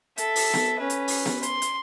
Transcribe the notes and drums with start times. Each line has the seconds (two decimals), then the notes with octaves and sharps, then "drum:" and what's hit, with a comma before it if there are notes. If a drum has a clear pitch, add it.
0.18 A4 E5, drum: hi-hat
0.36 drum: open hi-hat
0.54 drum: snare B3
0.79 C#4 B4
0.90 drum: hi-hat
1.08 drum: open hi-hat
1.26 drum: snare B3
1.43 C6, drum: hi-hat
1.62 drum: hi-hat